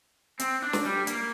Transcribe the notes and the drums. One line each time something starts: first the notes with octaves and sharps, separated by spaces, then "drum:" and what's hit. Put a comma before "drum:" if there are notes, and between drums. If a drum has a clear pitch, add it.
C4, drum: hi-hat
D4
drum: snare
G3
A#3, drum: hi-hat